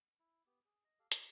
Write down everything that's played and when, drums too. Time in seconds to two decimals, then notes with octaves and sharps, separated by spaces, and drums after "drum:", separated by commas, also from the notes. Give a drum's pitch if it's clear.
0.20 E4
0.46 B3 G4
0.65 G#4
0.84 D#5
0.99 G4 A4 F5
1.12 G#3 C4 E4 G4, drum: hi-hat